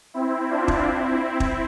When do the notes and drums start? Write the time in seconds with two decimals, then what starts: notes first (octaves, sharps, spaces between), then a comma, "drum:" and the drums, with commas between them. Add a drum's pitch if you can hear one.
0.14 C4 E4
0.50 D4 F4
0.68 drum: kick
0.86 C4 E4
1.40 drum: kick